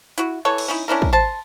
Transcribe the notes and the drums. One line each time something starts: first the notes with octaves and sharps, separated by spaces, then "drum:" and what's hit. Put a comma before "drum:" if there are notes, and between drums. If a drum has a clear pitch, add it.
E4 F#4, drum: hi-hat
E3 A4 C#5
drum: cymbal
C#4 D#4 E4
C#4 D4 E4 A#4
drum: kick
C5 A5